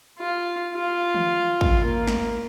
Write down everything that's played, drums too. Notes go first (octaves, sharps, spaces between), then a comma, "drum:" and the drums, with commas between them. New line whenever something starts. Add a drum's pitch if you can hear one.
F4
F4
drum: tom
drum: kick
A#3
drum: snare